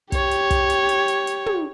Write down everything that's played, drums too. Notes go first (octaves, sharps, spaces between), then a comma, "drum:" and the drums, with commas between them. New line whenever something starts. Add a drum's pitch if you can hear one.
G4 C#5, drum: kick, hi-hat
drum: hi-hat
drum: kick, hi-hat
drum: hi-hat
drum: hi-hat
drum: hi-hat
drum: hi-hat
drum: tom